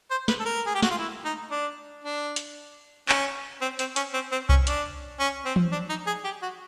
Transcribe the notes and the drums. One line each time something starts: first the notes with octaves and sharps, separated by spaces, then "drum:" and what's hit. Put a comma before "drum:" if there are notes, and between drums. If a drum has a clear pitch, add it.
C5
B4, drum: snare
A4
A#4
G#4
G4
F#4, drum: snare
F4
E4
D#4
D4
D4
drum: hi-hat
C#4, drum: clap
C4
C4, drum: hi-hat
C#4, drum: hi-hat
C4
C4
C#4, drum: kick C2
D4, drum: hi-hat
C#4
C4
drum: tom E3
D4
D#4
G#4
G4
F#4